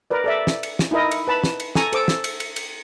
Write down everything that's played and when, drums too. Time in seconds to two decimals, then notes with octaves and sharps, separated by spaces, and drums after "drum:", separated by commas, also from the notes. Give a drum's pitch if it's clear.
0.10 A#4 B4 D5
0.24 A4 D5 E5
0.47 drum: snare
0.63 drum: cymbal
0.79 drum: snare
0.91 D#4 E4 A#4 D#5
1.11 drum: cymbal
1.27 B4 A5 B5
1.44 drum: snare
1.60 drum: cymbal
1.75 A4 G#5 A#5 C#6, drum: snare
1.93 A4 C5 D6 E6, drum: cymbal
2.08 drum: snare
2.24 drum: cymbal
2.40 drum: cymbal
2.56 drum: cymbal